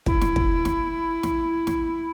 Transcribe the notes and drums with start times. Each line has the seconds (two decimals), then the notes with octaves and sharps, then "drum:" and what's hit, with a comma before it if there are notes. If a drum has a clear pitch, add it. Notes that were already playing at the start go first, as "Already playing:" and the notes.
0.06 E4, drum: kick
0.21 drum: snare
0.36 drum: kick
0.65 drum: snare
1.23 drum: snare
1.67 drum: snare